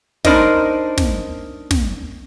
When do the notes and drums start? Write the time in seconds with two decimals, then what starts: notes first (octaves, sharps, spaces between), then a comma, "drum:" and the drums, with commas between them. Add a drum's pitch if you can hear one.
0.25 D4 D#4 A#4 C5 D5 D#5, drum: snare
0.98 drum: snare
1.71 drum: snare